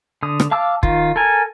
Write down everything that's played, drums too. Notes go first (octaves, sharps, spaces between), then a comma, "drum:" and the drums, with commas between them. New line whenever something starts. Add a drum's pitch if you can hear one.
D3 D#6
drum: rim click
F5 A5 D6 E6
D#3 F4, drum: kick
A4 A#4 G#5